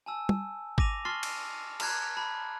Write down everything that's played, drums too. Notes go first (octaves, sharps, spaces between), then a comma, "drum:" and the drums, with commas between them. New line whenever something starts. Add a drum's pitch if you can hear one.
G#5 A5 E6
drum: tom
D6 A#6 D#7 F7, drum: kick
A5 C6 C#6 F6 A6 C7
drum: cymbal
A5 A#5 F#6 G#6, drum: cymbal
A5 B5